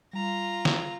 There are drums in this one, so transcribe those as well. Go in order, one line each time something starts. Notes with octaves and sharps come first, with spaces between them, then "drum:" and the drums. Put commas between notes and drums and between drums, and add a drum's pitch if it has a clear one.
G3 F4 A#5
drum: snare